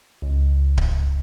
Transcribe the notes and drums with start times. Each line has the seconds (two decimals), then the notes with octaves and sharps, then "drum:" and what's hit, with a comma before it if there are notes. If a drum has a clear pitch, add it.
0.22 C#2
0.77 drum: kick D1